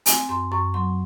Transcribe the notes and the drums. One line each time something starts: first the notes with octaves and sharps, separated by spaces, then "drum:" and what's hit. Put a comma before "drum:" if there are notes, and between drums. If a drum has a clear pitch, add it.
C4 G#5, drum: hi-hat
F#2 C6
F#2 C#6
F#3 C6